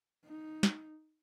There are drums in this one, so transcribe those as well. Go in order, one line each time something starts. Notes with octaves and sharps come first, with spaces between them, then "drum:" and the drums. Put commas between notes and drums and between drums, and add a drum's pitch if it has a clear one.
D#4
drum: snare